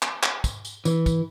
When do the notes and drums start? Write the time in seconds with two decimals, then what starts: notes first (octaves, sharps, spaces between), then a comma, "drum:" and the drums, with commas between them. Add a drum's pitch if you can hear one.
0.03 drum: clap
0.23 drum: clap
0.44 drum: kick, tambourine
0.65 drum: tambourine
0.85 E3, drum: tambourine
1.06 drum: kick, tambourine